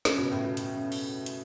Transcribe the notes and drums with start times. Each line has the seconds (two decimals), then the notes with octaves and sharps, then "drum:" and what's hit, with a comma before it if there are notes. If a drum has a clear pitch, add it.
0.05 C#3, drum: snare
0.18 B2
0.31 A2
0.43 B2
0.57 drum: hi-hat
0.75 C#3
0.92 drum: open hi-hat
1.26 drum: hi-hat